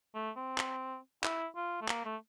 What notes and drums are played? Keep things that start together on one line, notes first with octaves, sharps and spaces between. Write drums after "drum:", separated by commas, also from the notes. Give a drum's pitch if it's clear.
A3
C4
drum: clap
E4, drum: clap
F4
A3
A#3, drum: clap
A3